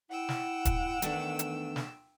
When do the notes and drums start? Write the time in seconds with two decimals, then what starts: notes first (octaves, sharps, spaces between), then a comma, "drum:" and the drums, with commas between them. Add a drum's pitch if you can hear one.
0.10 E4 F#5 G5 E6
0.29 drum: snare
0.65 drum: kick, hi-hat
1.02 E2 D#3 A3 D4, drum: hi-hat
1.39 drum: hi-hat
1.76 drum: snare